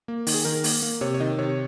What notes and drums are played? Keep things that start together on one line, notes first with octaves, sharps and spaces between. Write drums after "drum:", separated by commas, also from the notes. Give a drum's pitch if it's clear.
A#3
D#3, drum: open hi-hat
G#4
D#3 A#4
A#3, drum: open hi-hat
A#3
C3 C#5
C#5
D#3 D#5
C3 C#5